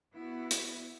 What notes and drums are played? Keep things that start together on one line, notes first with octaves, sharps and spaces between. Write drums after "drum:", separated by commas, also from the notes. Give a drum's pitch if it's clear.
B3 E4 F#4
drum: hi-hat